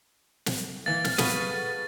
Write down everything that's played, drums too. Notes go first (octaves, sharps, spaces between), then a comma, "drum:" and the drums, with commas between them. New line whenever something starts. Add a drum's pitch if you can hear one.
drum: snare
E3 A#3 A6
F6, drum: snare
B3 F4 G#4 A4 B4 C#6, drum: snare